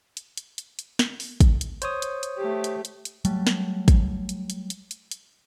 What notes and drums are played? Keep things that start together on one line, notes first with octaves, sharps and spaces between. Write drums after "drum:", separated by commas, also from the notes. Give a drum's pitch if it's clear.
drum: hi-hat
drum: hi-hat
drum: hi-hat
drum: hi-hat
drum: snare
drum: open hi-hat
drum: kick, hi-hat
drum: hi-hat
C5 C#5 D#6, drum: hi-hat
drum: hi-hat
drum: hi-hat
A3 G4
drum: hi-hat
drum: hi-hat
drum: hi-hat
F#3 G3 A3, drum: hi-hat
drum: snare
drum: kick, hi-hat
drum: hi-hat
drum: hi-hat
drum: hi-hat
drum: hi-hat
drum: hi-hat